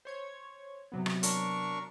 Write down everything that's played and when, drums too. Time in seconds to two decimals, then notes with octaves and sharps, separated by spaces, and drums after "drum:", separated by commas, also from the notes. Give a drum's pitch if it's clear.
0.05 C5 C#5 G#6
0.92 C3 F#3 B3
1.06 drum: rim click
1.23 D4 A#4 C#6, drum: hi-hat